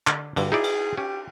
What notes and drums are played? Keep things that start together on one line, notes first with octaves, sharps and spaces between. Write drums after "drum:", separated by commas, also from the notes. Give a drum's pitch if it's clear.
D3 D5, drum: clap
G2 D3, drum: cymbal
D#4 E4 G#4 D5
drum: cymbal
C#4 G4